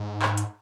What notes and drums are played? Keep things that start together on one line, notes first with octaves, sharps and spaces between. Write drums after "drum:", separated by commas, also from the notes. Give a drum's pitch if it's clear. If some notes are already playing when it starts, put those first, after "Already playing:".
Already playing: G#2
drum: clap
drum: hi-hat